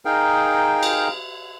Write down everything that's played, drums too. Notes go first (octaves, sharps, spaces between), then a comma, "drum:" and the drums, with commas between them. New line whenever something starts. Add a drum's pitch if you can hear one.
D#4 G#4 A#4 F5 G5
drum: cymbal